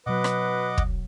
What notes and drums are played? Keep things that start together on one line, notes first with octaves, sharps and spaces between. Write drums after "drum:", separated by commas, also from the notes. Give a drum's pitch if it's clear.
B2 F#3 B4 D#5 F#5 D6
drum: rim click
drum: kick